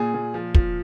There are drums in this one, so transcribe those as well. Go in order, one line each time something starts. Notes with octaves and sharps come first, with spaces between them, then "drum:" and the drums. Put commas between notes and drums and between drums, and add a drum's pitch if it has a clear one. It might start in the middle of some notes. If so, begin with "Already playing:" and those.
Already playing: A#2 G#4
A#2
F3
F3, drum: kick